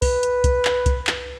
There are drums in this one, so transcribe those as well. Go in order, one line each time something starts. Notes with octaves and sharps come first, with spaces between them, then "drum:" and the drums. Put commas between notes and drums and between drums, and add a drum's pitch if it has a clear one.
B4, drum: kick C2, open hi-hat
drum: hi-hat
drum: kick C2, hi-hat
drum: clap
drum: kick C2, hi-hat
drum: clap